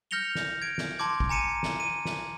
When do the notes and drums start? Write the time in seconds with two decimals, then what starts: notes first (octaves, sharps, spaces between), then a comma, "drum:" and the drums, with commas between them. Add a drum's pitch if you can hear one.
0.11 F6 G6 A#6 C#7 F7 G7
0.35 drum: snare
0.62 G#6 D7
0.78 drum: snare
0.99 A5 C6 D6 G#6
1.20 drum: kick
1.29 G#5 A#5 C#7 D#7 E7
1.63 drum: snare
1.80 D#7
2.05 drum: snare